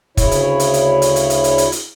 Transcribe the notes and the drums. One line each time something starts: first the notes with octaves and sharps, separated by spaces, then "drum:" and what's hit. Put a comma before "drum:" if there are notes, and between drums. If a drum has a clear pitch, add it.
D2 C#3 E4 C#5, drum: kick, hi-hat
drum: hi-hat
drum: hi-hat
drum: hi-hat
drum: hi-hat
drum: hi-hat
drum: hi-hat
drum: hi-hat
drum: hi-hat
drum: hi-hat